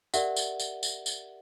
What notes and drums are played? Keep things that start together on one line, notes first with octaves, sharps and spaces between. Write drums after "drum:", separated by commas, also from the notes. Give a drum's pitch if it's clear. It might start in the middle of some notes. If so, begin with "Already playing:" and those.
G4 A#4 D5 E5 F#5, drum: tambourine
drum: tambourine
drum: tambourine
drum: tambourine
drum: tambourine